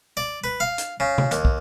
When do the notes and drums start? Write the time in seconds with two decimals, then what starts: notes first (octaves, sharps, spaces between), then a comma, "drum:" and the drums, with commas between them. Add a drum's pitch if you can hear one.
0.17 D5
0.44 B4
0.60 F5
0.78 drum: hi-hat
1.00 C#3
1.18 drum: tom C3
1.31 D#2, drum: hi-hat
1.45 drum: kick